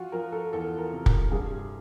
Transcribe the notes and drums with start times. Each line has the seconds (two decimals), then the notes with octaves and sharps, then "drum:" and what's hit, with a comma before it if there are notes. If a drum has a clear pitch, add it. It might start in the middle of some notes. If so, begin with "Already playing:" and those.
Already playing: F3 F4 F#4
0.12 F3 A#4
0.32 A4
0.52 E2 A4
0.78 A#4
0.92 C3
1.06 A#4, drum: kick
1.32 G2 G#4